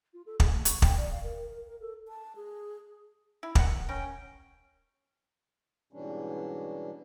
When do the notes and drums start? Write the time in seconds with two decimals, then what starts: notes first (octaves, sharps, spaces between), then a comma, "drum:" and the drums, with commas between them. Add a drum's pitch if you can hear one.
0.13 F4
0.26 A4
0.40 G#4, drum: kick
0.52 A3
0.65 C#6, drum: hi-hat
0.82 G5, drum: kick
0.97 D5
1.11 F5
1.23 A#4
1.49 A#4
1.67 A#4
1.81 A4
2.08 A5
2.36 G#4
3.43 E4
3.55 A#4 F5 F#5, drum: kick
3.89 C#4 A#4 G5
5.93 G#2 B2 E3 G3 C#4 D4